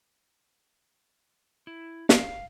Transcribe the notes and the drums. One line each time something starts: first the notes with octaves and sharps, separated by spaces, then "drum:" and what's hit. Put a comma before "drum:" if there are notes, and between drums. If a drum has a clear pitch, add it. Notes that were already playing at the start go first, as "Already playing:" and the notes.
E4
F5, drum: snare